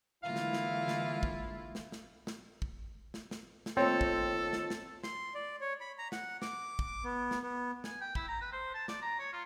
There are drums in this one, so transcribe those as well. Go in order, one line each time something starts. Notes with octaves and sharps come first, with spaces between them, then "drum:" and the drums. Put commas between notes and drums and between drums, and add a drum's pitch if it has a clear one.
D3 E3 G#3 A#3 E4 F4 F5
drum: snare
drum: snare
drum: snare
drum: kick
drum: snare
drum: snare
drum: snare
drum: kick
drum: snare
drum: snare
drum: snare
D#2 A3 C4 F4 A4 C#5
drum: kick
drum: snare
drum: snare
C6, drum: snare
D5
C#5
B5
A#5
F#5, drum: snare
D6, drum: snare
drum: kick
B3
drum: snare
B3
G#5, drum: snare
G5
E4, drum: kick
A#5
B4
C5
A5
D5, drum: snare
A#5
C#5
F4